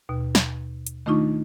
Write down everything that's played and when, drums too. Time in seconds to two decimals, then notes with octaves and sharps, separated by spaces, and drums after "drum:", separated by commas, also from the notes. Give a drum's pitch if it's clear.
0.09 D#2 B2
0.35 drum: snare
0.87 drum: hi-hat
1.06 D#3 A3 D4 D#4 F4 C#6